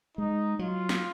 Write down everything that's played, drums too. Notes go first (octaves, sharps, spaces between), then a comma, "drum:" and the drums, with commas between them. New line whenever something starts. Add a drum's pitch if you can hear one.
G#3 D#4
F#3 F4
drum: snare